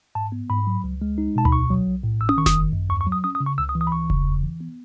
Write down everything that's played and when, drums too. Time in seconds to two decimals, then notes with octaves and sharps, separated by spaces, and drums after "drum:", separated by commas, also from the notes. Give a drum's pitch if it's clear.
0.15 G#2 A5
0.32 B3
0.50 G#2 B5
0.67 F#3
0.84 C#2
1.02 G#3
1.18 D#4
1.36 B2 A5
1.45 B5, drum: tom D2
1.52 B1 C#6
1.70 F#3
1.87 B1
2.03 A2
2.21 G#1 E6
2.29 D#6, drum: tom C#4
2.38 D#3 C#6
2.46 D#6, drum: snare F1
2.55 G#1
2.73 F#2
2.89 D#2 C#6
3.01 C#6
3.07 F#3
3.12 D#6
3.24 C#4 D#6
3.35 D#6
3.40 C#3
3.46 C#6
3.58 C#2 E6
3.69 D#6
3.75 E3
3.81 D#6
3.87 B5
3.92 C#2 C#6
4.10 C#3, drum: kick E1
4.26 E2
4.43 E3
4.61 B3